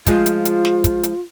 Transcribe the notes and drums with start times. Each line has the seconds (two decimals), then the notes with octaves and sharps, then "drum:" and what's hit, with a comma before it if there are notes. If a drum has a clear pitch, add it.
0.07 F3 G#3 F4, drum: kick, hi-hat
0.26 drum: hi-hat
0.45 drum: hi-hat
0.65 drum: snare
0.84 drum: kick, hi-hat
1.03 drum: hi-hat